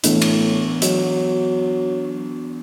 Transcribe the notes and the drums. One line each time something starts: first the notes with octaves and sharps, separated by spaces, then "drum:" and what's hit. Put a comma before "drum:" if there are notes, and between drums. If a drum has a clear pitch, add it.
A2 E3 B3 D4, drum: hi-hat
drum: cymbal
F#3, drum: hi-hat